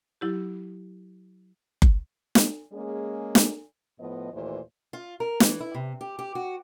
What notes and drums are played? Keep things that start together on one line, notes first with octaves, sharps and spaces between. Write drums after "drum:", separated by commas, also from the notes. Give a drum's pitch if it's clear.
F#3 E4 G4
drum: kick F#1
drum: snare
G#3 A#3 C#4 G#4
drum: snare
A2 F3 B3 D#5
D#2 A#2 E3 A3 C5
F4
A#4
E3, drum: snare
E4
C3
G4
G4
F#4